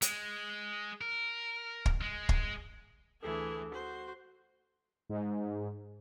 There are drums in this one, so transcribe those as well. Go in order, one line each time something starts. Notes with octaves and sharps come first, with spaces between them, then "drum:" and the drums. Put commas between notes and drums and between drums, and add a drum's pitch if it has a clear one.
G#3, drum: hi-hat
A#4
drum: kick
G#3
drum: kick
D2 E3 G#4 A4
F#4 C5
G#2